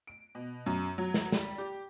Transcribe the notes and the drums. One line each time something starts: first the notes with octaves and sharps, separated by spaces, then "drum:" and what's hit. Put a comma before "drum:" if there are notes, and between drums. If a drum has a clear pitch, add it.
D7
B2
F#2
F#3
drum: snare
G3, drum: snare
G4